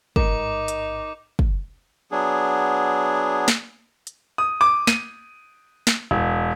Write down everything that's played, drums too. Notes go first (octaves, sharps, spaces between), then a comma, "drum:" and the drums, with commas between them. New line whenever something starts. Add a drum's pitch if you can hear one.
A1 G#2 D#4 A#4 D6, drum: kick
drum: hi-hat
drum: kick
F#3 B3 D4 G#4
drum: snare
drum: hi-hat
D#6
D6
D#7, drum: snare
drum: snare
E1